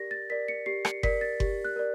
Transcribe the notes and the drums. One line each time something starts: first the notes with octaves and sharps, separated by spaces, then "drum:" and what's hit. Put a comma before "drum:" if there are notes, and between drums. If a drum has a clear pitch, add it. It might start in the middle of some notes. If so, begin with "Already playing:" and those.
Already playing: G4 A#4 D5 A#6
A6
A#4 D5 B6
C#7
G4 C7
C#7, drum: rim click
A#4 D5 B6, drum: kick F#1
A6
G4, drum: kick F#1
F#6
A#4 D5